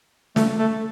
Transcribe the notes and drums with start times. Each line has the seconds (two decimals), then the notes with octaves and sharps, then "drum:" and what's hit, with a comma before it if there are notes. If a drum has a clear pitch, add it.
0.36 A3, drum: snare
0.59 A3